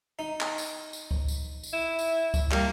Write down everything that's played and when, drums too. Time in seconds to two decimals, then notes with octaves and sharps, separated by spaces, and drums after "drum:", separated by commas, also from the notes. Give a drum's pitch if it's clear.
0.19 D#4
0.40 drum: clap
0.58 drum: tambourine
0.93 drum: tambourine
1.11 drum: kick C#2
1.28 drum: tambourine
1.63 drum: tambourine
1.73 E4
1.99 drum: tambourine
2.34 drum: kick C#2, tambourine
2.51 G3 A#3, drum: clap